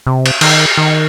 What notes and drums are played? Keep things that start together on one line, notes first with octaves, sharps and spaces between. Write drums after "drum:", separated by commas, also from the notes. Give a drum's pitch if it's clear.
C3
drum: cymbal
D#3, drum: cymbal
D#3